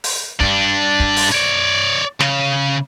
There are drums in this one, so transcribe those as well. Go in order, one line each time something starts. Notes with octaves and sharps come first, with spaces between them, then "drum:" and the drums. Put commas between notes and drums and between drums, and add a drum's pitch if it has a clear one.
drum: open hi-hat
G2 D4, drum: kick
drum: kick
drum: open hi-hat
C#5 D5
C#3, drum: snare